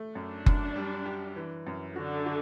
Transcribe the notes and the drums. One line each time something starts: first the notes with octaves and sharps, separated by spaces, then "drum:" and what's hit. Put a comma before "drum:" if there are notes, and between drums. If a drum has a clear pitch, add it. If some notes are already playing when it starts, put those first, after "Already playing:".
Already playing: A3
F#2 D4
F#2, drum: kick F#1
G3
G4
E3
F#2
D3 F#4
F#4